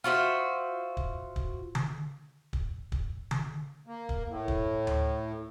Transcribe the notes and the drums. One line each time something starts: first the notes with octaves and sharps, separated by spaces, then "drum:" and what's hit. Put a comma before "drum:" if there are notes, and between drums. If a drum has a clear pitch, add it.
F4 F#4 C5 E5
drum: kick
drum: kick
drum: tom D3
drum: kick
drum: kick
drum: tom D3
A#3
drum: kick
A2
drum: kick
drum: tom D2